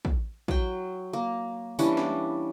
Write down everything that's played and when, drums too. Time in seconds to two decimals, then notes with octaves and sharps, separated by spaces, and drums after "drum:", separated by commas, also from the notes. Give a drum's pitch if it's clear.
0.05 drum: kick
0.48 F#3 G5, drum: kick
1.13 A#3
1.79 E3 G3 C#4 D4, drum: tambourine
1.97 drum: snare